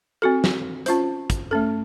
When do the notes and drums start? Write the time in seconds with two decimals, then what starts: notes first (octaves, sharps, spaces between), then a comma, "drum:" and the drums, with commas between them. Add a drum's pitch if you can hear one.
0.22 C4 F#4 A4
0.44 drum: snare
0.86 C#4 F4 C5, drum: hi-hat
1.30 drum: kick, hi-hat
1.51 A3 C#4 A4